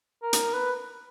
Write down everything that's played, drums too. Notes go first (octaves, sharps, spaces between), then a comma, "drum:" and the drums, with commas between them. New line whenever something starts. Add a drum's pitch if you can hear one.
A#4
drum: hi-hat
B4